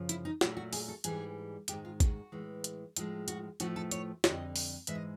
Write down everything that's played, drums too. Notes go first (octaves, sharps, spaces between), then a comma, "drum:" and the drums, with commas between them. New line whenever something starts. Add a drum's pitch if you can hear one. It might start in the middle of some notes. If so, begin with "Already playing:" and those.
Already playing: F#2 C#3 F3
E4, drum: hi-hat
D#4
A#2 F#3 A3 E4, drum: snare
F#4
G#4, drum: open hi-hat
A4
G#2 E3 G3 G#4, drum: hi-hat
G#2 D#3 G#3 G4, drum: hi-hat
F4
F#4, drum: kick A1, hi-hat
A2 E3 G#3
drum: hi-hat
A2 F3 G#3, drum: hi-hat
F#4, drum: hi-hat
A2 F3 A3 F#4, drum: hi-hat
A4
C#5, drum: hi-hat
F2 D3 G3 D#5, drum: snare
drum: open hi-hat
G#2 E3 G#3 E5, drum: hi-hat
D#5